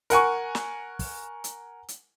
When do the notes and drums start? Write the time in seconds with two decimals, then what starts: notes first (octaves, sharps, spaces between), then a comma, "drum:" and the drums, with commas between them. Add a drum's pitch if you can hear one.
0.10 A#4 F#5 G#5 C#6, drum: hi-hat
0.55 drum: snare
0.99 drum: kick, open hi-hat
1.44 drum: hi-hat
1.88 drum: hi-hat